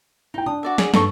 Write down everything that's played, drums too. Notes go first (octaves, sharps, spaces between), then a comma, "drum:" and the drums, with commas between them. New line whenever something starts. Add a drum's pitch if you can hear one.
D#4 E4 G5
D4 D#6
F#4 D5 E5
G#4 F#5, drum: snare
G2 D#4 A4 C#6, drum: snare